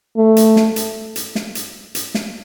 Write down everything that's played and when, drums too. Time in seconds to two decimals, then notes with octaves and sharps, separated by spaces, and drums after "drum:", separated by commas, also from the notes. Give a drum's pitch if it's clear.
0.17 A3
0.36 drum: hi-hat
0.56 drum: snare
0.76 drum: hi-hat
1.16 drum: hi-hat
1.35 drum: snare
1.55 drum: hi-hat
1.95 drum: hi-hat
2.14 drum: snare